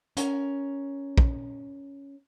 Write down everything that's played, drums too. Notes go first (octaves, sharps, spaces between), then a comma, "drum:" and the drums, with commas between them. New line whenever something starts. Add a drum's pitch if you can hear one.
C#4 A#4, drum: hi-hat
drum: kick